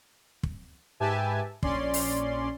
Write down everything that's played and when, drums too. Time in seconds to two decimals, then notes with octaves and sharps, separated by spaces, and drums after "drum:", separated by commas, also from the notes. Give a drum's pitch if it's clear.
0.43 drum: kick
1.00 G#2 G4 B4 E5 G#5 A5
1.63 A#1 C#4 D5 C6, drum: kick
1.94 drum: open hi-hat